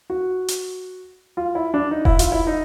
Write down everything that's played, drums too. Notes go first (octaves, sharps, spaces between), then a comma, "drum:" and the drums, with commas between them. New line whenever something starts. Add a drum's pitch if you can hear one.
F#4
drum: hi-hat
F4
E4
D4
D#4
E4, drum: kick E1
F4, drum: hi-hat
E4
D#4